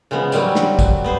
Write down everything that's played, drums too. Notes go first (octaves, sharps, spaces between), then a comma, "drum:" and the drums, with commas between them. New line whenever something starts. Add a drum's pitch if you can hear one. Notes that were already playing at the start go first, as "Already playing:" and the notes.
C#3 F3 G#3 B3
F#3 G3 A#3 C4 F#4, drum: tambourine
drum: snare
drum: kick, tambourine
B3 B4 C5